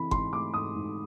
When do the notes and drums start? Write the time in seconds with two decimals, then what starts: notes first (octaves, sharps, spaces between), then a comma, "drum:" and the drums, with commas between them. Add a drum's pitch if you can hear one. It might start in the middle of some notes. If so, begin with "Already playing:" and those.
Already playing: E3 C4 B5
0.11 G#2 C6, drum: kick G1
0.32 A3 D6
0.54 G#2 D#6
0.74 G#2